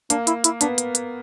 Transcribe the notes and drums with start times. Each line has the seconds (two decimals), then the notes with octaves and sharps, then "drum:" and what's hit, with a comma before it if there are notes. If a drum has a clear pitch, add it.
0.10 A#3 D4, drum: hi-hat
0.27 E4, drum: hi-hat
0.44 E4, drum: hi-hat
0.61 B3 D4, drum: hi-hat
0.78 drum: hi-hat
0.95 drum: hi-hat